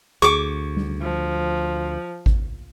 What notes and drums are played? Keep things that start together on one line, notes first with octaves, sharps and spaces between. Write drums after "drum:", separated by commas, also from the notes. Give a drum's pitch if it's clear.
D2 G#4 C#6 D6
drum: tom G3
F3
drum: kick G#1